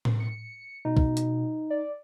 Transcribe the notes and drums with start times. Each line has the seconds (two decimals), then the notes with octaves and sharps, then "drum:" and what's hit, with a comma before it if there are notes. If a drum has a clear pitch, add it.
0.05 drum: tom A2
0.20 C#7
0.85 B2 D#4
0.97 drum: kick
1.17 drum: hi-hat
1.70 D5